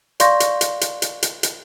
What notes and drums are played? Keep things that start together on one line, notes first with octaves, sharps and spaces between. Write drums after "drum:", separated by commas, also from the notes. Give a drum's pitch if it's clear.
D5 F5 C6 C#6 G6 A#6, drum: hi-hat
drum: hi-hat
drum: hi-hat
drum: hi-hat
drum: hi-hat
drum: hi-hat
drum: hi-hat